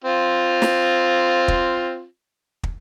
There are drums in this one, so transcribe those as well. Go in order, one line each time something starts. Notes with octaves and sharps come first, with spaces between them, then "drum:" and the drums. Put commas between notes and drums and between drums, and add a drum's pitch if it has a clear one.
C4 F4
drum: snare
drum: kick
drum: kick